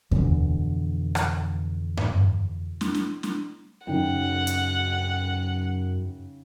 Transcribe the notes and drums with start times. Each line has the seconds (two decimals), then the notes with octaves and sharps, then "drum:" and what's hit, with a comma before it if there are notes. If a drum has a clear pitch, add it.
0.11 F2 B2 D3 E3, drum: kick D#2
1.15 drum: rim click
1.97 drum: tom G2
2.81 drum: snare
2.94 drum: snare
3.23 drum: snare
3.87 F#2 C#3 D#4 F#5 G5
4.47 drum: hi-hat